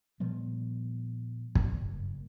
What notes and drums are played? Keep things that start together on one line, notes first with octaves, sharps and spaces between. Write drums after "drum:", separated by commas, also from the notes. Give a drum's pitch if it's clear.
A#2 F3 G3 B3
F#1 G2 A#3, drum: kick